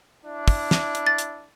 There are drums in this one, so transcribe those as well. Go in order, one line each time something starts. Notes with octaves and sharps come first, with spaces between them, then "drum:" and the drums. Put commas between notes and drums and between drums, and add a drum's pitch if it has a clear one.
D4 E4
drum: kick, open hi-hat
drum: snare
drum: hi-hat
A6
drum: hi-hat